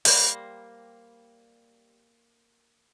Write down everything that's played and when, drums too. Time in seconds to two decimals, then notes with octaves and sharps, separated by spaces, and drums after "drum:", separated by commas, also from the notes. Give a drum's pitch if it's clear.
0.05 G3 A#3 C5, drum: open hi-hat